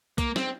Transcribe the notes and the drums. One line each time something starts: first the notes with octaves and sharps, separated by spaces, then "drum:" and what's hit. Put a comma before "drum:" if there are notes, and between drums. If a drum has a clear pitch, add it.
A#3, drum: kick, hi-hat
C4, drum: snare